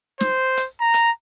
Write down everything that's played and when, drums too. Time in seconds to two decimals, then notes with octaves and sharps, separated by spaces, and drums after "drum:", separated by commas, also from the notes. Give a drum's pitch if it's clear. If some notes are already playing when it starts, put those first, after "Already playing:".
0.20 C5, drum: snare
0.57 drum: hi-hat
0.80 A#5
0.94 drum: hi-hat